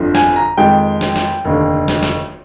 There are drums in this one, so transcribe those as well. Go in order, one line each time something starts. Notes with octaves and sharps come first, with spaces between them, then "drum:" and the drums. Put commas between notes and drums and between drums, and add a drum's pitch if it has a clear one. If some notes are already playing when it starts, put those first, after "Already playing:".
Already playing: G1 F2 D3 F3
G#5, drum: snare
A#5
F2 D#3 G#3 G5
drum: snare
drum: snare
F1 D#2 D3
drum: snare
drum: snare